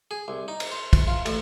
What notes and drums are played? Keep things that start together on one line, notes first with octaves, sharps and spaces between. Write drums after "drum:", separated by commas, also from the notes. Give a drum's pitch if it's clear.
G#4
C2
D#4
drum: cymbal
C5
drum: kick, cymbal
F4
A1, drum: cymbal